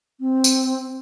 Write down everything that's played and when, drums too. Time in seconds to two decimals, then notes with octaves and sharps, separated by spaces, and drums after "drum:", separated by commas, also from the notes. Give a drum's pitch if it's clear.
0.20 C4
0.44 drum: tambourine